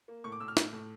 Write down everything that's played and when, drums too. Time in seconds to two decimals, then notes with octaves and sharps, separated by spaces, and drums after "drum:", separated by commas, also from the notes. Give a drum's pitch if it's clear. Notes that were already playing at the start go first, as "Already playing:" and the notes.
0.08 A#3
0.24 A2 C#6
0.32 D6
0.40 A2 E6
0.48 F6
0.57 A2, drum: snare
0.73 A2